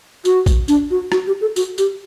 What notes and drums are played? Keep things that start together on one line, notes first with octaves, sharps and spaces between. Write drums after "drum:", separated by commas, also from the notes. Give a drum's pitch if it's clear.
F#4, drum: tambourine
drum: kick, tambourine
D4, drum: tambourine
F#4
F#4, drum: rim click
G4
A4
F#4, drum: tambourine
G4, drum: tambourine